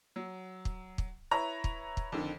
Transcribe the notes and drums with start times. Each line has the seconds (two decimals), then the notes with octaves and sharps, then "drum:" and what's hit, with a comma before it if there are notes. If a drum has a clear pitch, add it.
0.16 F#3
0.65 drum: kick
0.98 drum: kick
1.31 E4 B4 C#5 A#5
1.64 drum: kick
1.97 drum: kick
2.12 F2 D3 D#3